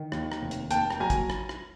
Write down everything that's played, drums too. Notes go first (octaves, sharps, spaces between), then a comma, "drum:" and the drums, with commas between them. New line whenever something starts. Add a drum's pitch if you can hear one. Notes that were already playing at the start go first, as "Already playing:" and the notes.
Already playing: D#3
D#2, drum: rim click
drum: rim click
F1
drum: hi-hat
A#3 G5 A5, drum: hi-hat
drum: rim click
F#3 G#5 A#5
drum: kick, hi-hat
drum: rim click
drum: rim click